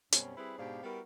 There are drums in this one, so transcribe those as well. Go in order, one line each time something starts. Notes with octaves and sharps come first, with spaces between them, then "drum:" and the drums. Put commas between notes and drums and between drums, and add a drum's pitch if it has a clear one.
F#2 B2 G3 C4 C#4, drum: hi-hat
G3 C4 E4 G#4 B4
G#2 B2 D4 G4 C5 F5
G3 B3 E4 F#4 A#4